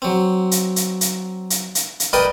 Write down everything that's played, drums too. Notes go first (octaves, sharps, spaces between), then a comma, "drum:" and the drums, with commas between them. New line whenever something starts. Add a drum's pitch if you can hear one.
F#3 C4
drum: hi-hat
drum: hi-hat
drum: hi-hat
drum: hi-hat
drum: hi-hat
drum: hi-hat
A#4 B4 D5 D#5 G5 B5